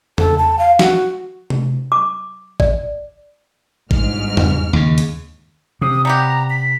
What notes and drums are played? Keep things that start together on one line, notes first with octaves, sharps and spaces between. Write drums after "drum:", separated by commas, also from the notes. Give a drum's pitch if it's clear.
A4, drum: tom E2
A5
F5
F#4, drum: snare
drum: tom C3
D6
D5, drum: kick
G1 G#2 F6, drum: kick
drum: tom E2
D#2 C#3
drum: hi-hat
C3 D#6
G3 B3 G4 A#5
B6